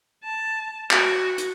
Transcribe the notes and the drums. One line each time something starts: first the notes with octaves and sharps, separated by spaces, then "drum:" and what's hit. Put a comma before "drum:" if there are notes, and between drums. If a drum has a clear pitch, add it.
A5
F#4, drum: clap
drum: hi-hat